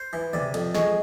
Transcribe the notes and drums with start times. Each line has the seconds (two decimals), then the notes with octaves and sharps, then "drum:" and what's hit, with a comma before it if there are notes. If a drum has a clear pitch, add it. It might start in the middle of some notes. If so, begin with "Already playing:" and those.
Already playing: C5
0.13 E3
0.33 C3 D5, drum: tom
0.54 F2, drum: cymbal
0.75 G#3 C#5, drum: snare